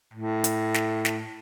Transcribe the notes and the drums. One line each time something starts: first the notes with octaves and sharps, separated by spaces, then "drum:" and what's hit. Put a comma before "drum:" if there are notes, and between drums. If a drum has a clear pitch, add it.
A2
drum: hi-hat
drum: snare
drum: snare